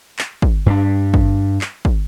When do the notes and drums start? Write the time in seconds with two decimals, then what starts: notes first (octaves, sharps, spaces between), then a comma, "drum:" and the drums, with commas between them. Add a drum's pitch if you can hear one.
0.19 drum: clap
0.42 drum: kick
0.66 G2 D4
1.14 drum: kick
1.61 drum: clap
1.85 drum: kick